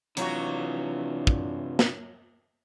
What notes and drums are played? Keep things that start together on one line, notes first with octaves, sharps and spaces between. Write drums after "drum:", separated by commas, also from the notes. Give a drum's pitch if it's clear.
C3 E3 F#3 D4 F4 F#4, drum: hi-hat
drum: kick
drum: snare